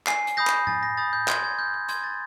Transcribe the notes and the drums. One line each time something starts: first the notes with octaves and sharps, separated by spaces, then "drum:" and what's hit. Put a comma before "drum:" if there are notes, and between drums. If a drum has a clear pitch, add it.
G#5 C7, drum: clap
drum: hi-hat
B5 D#6 G6 A#6
drum: clap
G#5 A6, drum: tom A2
A#6
B5 D#6 G6 A6
G6
C6 G#6, drum: clap
G#6
F6 G6
G6
C6 G#6, drum: hi-hat
A6